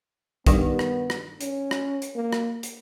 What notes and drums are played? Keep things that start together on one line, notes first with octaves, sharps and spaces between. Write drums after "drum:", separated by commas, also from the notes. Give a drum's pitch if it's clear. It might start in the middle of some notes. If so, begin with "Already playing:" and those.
G2 D#3 G3 B3, drum: kick, hi-hat
drum: rim click
drum: rim click
C#4, drum: hi-hat
drum: rim click
drum: hi-hat
A#3
drum: rim click
drum: hi-hat